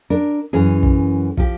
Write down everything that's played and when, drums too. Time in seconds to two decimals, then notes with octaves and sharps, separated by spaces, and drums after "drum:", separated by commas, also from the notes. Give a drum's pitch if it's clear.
0.10 D4 A#4
0.53 F#2 E3 C#4 G#4
0.83 drum: kick
1.37 F3 G4, drum: kick